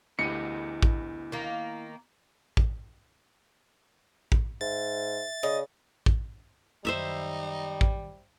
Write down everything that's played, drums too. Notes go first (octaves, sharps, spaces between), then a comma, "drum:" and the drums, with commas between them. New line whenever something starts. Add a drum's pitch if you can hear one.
D2 B3 E4 G4 D#5 C#7 D#7
drum: kick A1
D#3 A#3
drum: kick A1
drum: kick A1
G#2 E5 A6
C#3 D#5
drum: kick A1
F#2 D#3 G3 D#4 C5 E5 B5
drum: kick A1